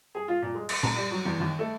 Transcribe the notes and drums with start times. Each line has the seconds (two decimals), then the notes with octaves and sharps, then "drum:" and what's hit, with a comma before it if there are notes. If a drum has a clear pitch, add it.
0.15 G#4
0.28 F4
0.42 A#2
0.54 G#3
0.69 C6, drum: cymbal
0.83 A#5, drum: tom A#2
0.96 G3
1.11 F#3
1.25 E2
1.40 D#2
1.59 A3